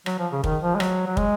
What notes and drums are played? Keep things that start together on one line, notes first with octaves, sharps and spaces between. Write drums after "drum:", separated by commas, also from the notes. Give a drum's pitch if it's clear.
F#3, drum: rim click
F3
C#3
D#3, drum: kick
F3
G#3
F#3, drum: rim click
F#3
G#3, drum: kick